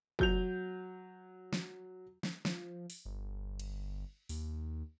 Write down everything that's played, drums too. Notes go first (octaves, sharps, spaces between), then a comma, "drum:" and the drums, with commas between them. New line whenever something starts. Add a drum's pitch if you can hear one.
F#3 G6 F7, drum: kick
drum: snare
drum: snare
F3, drum: snare
drum: open hi-hat
G1
drum: cymbal
D#2, drum: open hi-hat